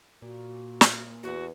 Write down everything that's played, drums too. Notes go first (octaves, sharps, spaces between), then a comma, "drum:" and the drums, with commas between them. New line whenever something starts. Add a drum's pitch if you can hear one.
A#2 F#4
drum: snare
E2 F#4 B4